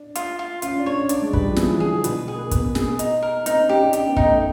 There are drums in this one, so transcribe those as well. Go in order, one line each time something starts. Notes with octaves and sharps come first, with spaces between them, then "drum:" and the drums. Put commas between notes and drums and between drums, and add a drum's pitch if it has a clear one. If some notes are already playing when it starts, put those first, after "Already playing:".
Already playing: D4
F4, drum: hi-hat
F4
C#4 F4, drum: hi-hat
D4
C#5
C#4
D4 D5, drum: hi-hat
G#3
G3 B4, drum: kick
F3
E3 G#4, drum: snare
E3
G#4
D3
B2 B4, drum: hi-hat
G#4
A#3
B3 B4, drum: kick, hi-hat
G#4, drum: snare
D#4, drum: hi-hat
A#4
C4 D#4, drum: hi-hat
C#4
C#4 G4
D4
C#4 G4, drum: hi-hat
B3
D#4, drum: kick
A3